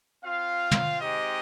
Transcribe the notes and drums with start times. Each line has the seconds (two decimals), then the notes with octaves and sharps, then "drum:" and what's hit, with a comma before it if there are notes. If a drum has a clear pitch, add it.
0.24 C4 F4 F5
0.71 drum: tom
1.01 G#3 C4 D#4 G4 D#5